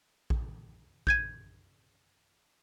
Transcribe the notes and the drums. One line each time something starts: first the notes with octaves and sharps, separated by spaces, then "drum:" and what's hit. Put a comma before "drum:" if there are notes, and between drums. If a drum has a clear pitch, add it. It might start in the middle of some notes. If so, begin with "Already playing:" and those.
drum: kick A#1
G6 G#6 D#7, drum: kick A#1